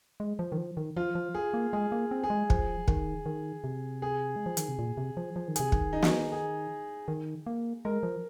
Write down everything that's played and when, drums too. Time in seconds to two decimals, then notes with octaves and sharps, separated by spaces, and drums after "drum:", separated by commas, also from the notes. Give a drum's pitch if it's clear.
0.20 G#3
0.39 F3
0.52 D#3
0.58 F3
0.77 D#3
0.97 F3 F4
1.15 F3
1.35 G#4
1.54 A#3
1.73 G#3 G#4
1.92 A#3
2.11 C4
2.24 G#4
2.30 G#3
2.50 F3, drum: kick
2.88 D#3, drum: kick
3.26 D#3
3.64 C3
4.02 G#4
4.36 G#3
4.46 F3
4.57 D#3, drum: hi-hat
4.68 C3
4.79 A#2
4.97 C3
5.17 F3
5.36 F3
5.48 D#3
5.56 C3 G#4, drum: hi-hat
5.72 D#3, drum: kick
5.93 D#4
6.03 drum: snare
6.32 G#4
7.08 D#3
7.46 A#3
7.85 G#3 A#4
8.03 F3